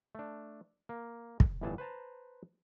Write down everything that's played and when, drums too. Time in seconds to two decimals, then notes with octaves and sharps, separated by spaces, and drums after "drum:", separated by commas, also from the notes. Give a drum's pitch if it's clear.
0.15 A3 D4
0.89 A#3
1.40 drum: kick
1.61 G1 A2 E3 A3 G#4 A5
1.78 B4 C5 A5 A#5